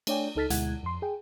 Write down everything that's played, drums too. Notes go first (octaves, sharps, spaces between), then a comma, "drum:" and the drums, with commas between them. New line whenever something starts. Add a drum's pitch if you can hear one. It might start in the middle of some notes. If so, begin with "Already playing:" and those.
A3 D4 C#5 D5 G5 G#5, drum: cymbal
C#2 D#4 A4 F6 A6 B6
D2 B2 G#3 E4 F#5 G#6, drum: hi-hat
F2 C6
G#4 G5